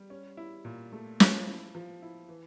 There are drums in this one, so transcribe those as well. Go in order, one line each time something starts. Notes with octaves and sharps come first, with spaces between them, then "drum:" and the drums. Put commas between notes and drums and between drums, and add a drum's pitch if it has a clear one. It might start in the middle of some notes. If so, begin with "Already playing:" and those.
Already playing: G3
C#4
E4
A#2
A3
F3, drum: snare
E4
F3
E4
E3